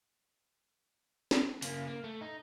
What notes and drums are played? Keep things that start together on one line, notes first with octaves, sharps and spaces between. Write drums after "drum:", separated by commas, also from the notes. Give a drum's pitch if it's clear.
drum: snare
C#3 A#3, drum: open hi-hat
A#3
A3
D#4